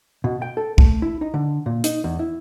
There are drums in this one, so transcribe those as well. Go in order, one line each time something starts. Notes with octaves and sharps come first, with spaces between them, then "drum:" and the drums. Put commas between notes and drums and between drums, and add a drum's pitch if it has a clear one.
B2
G5
A4
A3, drum: kick
E4
D#4
D3
A#2
D#4, drum: hi-hat
E2
E4